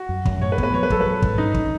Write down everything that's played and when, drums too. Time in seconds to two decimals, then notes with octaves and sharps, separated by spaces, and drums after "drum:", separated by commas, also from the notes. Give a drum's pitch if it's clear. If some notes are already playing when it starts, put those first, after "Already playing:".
Already playing: F#4
0.09 F#2
0.25 F#2, drum: kick
0.41 A2 C#5
0.52 B4
0.58 B3, drum: kick
0.63 B4
0.74 F#3 C#5
0.83 B4
0.90 F#3 A4, drum: kick
1.01 B4
1.06 F#3
1.22 G#2, drum: kick
1.38 C#4 D#4
1.54 drum: kick